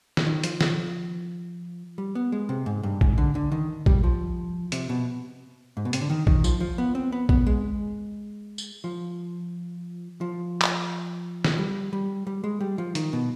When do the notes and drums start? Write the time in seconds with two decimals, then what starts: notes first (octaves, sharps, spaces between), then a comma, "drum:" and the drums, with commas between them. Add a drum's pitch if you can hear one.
0.17 drum: snare
0.27 D#3
0.44 F3, drum: hi-hat
0.61 drum: snare
1.98 G3
2.15 B3
2.32 G#3
2.49 C3
2.66 G#2
2.83 G2
3.01 G#2, drum: kick
3.18 D3
3.35 D3
3.52 D#3
3.86 G3, drum: kick
4.04 F3
4.72 C3, drum: hi-hat
4.89 B2
5.77 G#2
5.85 B2
5.93 C3, drum: hi-hat
6.01 D3
6.10 D#3
6.27 D#3, drum: kick
6.44 F3, drum: tambourine
6.60 F3
6.78 B3
6.95 C4
7.12 B3
7.29 B3, drum: kick
7.46 G#3
8.58 drum: tambourine
8.84 F3
10.21 F3
10.62 drum: clap
11.44 drum: snare
11.58 G3
11.93 G3
12.27 G3
12.44 G#3
12.60 G3
12.78 F3
12.95 D#3, drum: hi-hat
13.13 B2